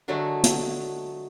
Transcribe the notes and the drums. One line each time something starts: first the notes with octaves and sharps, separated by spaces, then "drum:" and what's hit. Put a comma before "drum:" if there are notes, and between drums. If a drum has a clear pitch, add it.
D3 F#3 G#3 A3
drum: hi-hat